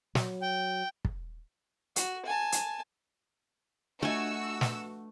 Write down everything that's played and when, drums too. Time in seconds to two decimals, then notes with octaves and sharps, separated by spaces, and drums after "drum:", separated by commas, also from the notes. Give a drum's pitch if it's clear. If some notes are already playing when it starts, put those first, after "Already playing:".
0.15 F#3, drum: snare
0.42 G5
1.05 drum: kick
1.96 F#4, drum: hi-hat
2.26 G#5 A5
2.52 drum: hi-hat
4.03 A3 D4 F4 F#4 D#5 G#5 E6
4.61 B4, drum: snare